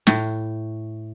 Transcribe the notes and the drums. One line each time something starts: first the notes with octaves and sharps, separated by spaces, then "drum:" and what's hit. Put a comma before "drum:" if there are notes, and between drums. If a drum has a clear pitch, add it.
A2, drum: snare